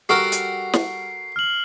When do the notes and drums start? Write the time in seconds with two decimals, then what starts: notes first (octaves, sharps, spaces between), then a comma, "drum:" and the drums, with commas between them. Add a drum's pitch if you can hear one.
0.09 G3 F#4 A4 A#4 C#6 F6 C7
0.32 drum: hi-hat
0.73 drum: snare
1.36 F6 F#7